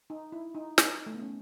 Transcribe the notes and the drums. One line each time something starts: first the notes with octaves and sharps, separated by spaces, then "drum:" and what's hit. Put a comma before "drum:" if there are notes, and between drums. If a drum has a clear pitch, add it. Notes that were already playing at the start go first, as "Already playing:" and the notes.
D#4
E4
D#4
D#4, drum: snare
A3
B3
C#4